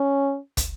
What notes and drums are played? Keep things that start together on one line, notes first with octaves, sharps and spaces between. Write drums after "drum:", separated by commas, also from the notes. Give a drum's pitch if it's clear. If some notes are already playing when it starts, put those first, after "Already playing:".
Already playing: C#4
drum: kick, hi-hat